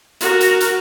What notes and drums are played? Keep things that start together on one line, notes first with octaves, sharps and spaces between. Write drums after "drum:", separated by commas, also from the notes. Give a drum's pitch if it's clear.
F#4 A#4, drum: hi-hat
drum: hi-hat
drum: hi-hat